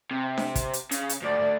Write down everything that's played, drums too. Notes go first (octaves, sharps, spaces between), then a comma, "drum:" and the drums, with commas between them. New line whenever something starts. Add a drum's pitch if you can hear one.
C3
drum: snare D4
drum: kick, hi-hat
drum: hi-hat
C#3, drum: hi-hat
drum: hi-hat
D2 D5